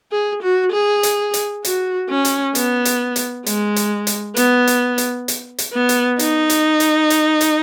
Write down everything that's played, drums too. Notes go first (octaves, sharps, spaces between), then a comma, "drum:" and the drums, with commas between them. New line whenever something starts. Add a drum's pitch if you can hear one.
G#4
F#4
G#4
drum: hi-hat
drum: hi-hat
F#4, drum: hi-hat
C#4
drum: hi-hat
B3, drum: hi-hat
drum: hi-hat
drum: hi-hat
G#3, drum: hi-hat
drum: hi-hat
drum: hi-hat
B3, drum: hi-hat
drum: hi-hat
drum: hi-hat
drum: hi-hat
drum: hi-hat
B3
drum: hi-hat
D#4, drum: hi-hat
drum: hi-hat
drum: hi-hat
drum: hi-hat
drum: hi-hat